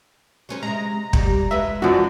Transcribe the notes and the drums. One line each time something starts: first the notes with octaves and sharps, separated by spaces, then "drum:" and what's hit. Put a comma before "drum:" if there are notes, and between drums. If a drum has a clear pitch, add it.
F#3 C#4 C5
C3 G#3 A#5
B2 G3, drum: kick
G#3 B4 E5
F#2 F3 G#3 F#4 D5